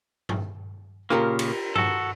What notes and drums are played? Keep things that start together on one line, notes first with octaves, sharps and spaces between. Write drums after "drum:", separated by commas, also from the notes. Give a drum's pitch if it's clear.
drum: tom G2
A#2 C#3 A#3 F4 G4 A#4
drum: cymbal
F#4 A4, drum: tom G2